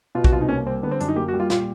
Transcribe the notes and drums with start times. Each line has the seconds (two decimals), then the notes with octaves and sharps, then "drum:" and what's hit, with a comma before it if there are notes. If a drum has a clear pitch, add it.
0.15 B2 F4
0.24 F#4, drum: kick A#1
0.32 C2 F4
0.41 D#4
0.49 A#3 C#4
0.66 G3 C4
0.82 D3 B3
0.91 C4
1.00 F#2 D4, drum: hi-hat
1.08 D#4
1.16 A#3 G4
1.28 F#4
1.33 G3
1.40 F4
1.50 A#2 F4, drum: snare